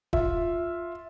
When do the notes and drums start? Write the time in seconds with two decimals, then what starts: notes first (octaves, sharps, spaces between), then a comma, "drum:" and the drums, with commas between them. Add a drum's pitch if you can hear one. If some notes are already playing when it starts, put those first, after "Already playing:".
0.13 F4 E5, drum: kick D#1